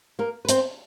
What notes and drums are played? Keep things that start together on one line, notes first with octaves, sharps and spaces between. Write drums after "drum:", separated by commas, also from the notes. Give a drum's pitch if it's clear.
A#3 A#4
B4
C4 C5, drum: hi-hat